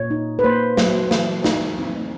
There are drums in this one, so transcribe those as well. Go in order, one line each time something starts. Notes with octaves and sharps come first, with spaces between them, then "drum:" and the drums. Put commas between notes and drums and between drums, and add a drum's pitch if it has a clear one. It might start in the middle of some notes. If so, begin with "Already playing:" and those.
Already playing: A#2 C#5
D#4
B4
A#3 C5
F#3, drum: snare
E3, drum: snare
D#4, drum: snare
C4